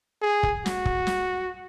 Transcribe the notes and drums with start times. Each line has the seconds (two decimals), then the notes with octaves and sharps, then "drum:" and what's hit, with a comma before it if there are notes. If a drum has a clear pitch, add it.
0.22 G#4
0.43 drum: kick
0.66 F#4, drum: snare
0.86 drum: kick
1.07 drum: snare